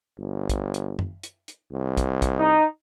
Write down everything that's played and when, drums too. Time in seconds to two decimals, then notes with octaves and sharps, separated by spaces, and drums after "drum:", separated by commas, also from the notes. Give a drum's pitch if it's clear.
0.19 G1
0.49 drum: kick, hi-hat
0.74 drum: hi-hat
0.99 drum: tom
1.23 drum: hi-hat
1.48 drum: hi-hat
1.73 C2
1.97 drum: kick, hi-hat
2.22 drum: kick, hi-hat
2.39 D#4